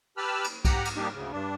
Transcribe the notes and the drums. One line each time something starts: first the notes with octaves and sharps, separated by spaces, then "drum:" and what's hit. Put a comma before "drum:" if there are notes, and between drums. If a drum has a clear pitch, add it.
G4 B4 A5 B5 E6 F6
drum: cymbal
G4 F#5 A#5, drum: kick B1, cymbal
drum: cymbal
G3 A#3 D4 D#4 G4
D2 C#3
G2 D4